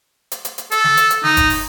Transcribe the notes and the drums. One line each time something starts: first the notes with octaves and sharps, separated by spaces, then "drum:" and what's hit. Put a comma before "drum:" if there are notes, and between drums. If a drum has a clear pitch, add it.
drum: hi-hat
drum: hi-hat
drum: hi-hat
A4, drum: hi-hat
drum: snare
drum: hi-hat
drum: hi-hat
D#4, drum: snare
drum: kick, hi-hat
drum: open hi-hat